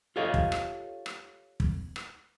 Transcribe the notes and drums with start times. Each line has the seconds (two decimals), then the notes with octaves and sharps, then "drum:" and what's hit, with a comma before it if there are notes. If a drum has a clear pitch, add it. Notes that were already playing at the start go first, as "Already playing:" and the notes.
0.16 F4 G4 A4 C#5 D#5 F5
0.34 drum: kick
0.52 drum: rim click
1.06 drum: rim click
1.60 drum: kick
1.96 drum: rim click